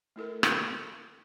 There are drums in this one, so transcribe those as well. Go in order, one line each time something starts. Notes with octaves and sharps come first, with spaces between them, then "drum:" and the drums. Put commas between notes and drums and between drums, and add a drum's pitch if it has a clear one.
A3 E4 A4 A#4
drum: rim click